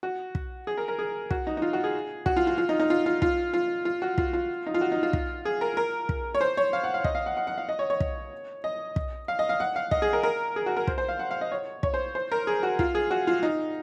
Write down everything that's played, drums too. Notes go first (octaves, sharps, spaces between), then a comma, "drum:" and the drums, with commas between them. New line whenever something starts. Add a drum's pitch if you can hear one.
F#4
drum: kick
G#4
A#4
A#4
G#4
F#4, drum: kick
D#4
D#4
F4
F#4
G#4
F#4, drum: kick
F4
F4
F4
D#4
D#4
F4
F4
F4, drum: kick
F4
F4
F#4
F4, drum: kick
F4
D#4
F4
F#4
D#4
F4
drum: kick
G#4
A#4
A#4
drum: kick
C#5
C5
C#5
F5
F#5
F5
D#5, drum: kick
F5
F#5
F#5
F#5
F5
D#5
C#5
C#5
drum: kick
D#5
drum: kick
F5
D#5
F5
F#5
F5
D#5, drum: kick
G#4
A#4
A#4
G#4
F#4
A#4
C5, drum: kick
C5
F5
F#5
F5
D#5
C#5
C#5, drum: kick
C5
C5
A#4
G#4
F#4
F4, drum: kick
G#4
F#4
F4
D#4